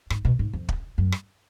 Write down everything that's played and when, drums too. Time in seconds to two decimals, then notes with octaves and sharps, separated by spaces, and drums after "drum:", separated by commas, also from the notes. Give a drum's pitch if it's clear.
0.10 G#2, drum: rim click
0.25 B2
0.39 G#2
0.53 F2
0.69 drum: kick
0.98 F#2
1.12 drum: rim click